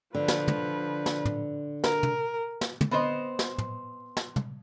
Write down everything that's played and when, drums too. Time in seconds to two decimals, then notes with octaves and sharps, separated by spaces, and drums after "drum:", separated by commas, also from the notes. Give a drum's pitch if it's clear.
0.15 D3 F3 B4
0.28 drum: snare
0.48 drum: tom
1.06 drum: snare
1.25 drum: tom
1.84 A#4, drum: snare
2.03 drum: tom
2.61 drum: snare
2.81 drum: tom
2.91 B3 C4 C5 D#5
3.39 drum: snare
3.58 drum: tom
4.17 drum: snare
4.36 drum: tom